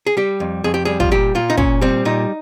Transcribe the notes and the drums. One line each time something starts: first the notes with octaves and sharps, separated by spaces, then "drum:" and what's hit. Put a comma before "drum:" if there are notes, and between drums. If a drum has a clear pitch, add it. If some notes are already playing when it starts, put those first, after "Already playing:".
G#4
G3 G4
F2
F2 G#4
G4
G3 G#4
F4, drum: kick
A#2 G4
A#2 F4
D#4
A#2 C#4, drum: kick
G3 C4
A#2 D#4